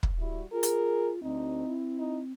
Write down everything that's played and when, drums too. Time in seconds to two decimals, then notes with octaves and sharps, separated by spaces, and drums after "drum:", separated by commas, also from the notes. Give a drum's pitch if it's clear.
0.03 drum: kick
0.20 G3 E4 F#4
0.53 F4 G#4 A#4
0.63 drum: hi-hat
1.23 D2 C4 D#4
1.66 E4
1.99 D#4